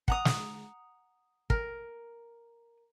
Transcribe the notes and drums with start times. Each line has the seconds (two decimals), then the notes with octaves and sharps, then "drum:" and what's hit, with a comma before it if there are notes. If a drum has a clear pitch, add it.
0.08 F#5 A#5 D#6, drum: kick
0.25 drum: snare
1.50 A#4, drum: kick